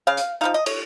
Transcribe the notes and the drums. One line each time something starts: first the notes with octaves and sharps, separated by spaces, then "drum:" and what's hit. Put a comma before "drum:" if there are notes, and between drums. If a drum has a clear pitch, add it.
C#3 F5
drum: hi-hat
F3 A#3 D#4 F5
D#5
C#5, drum: cymbal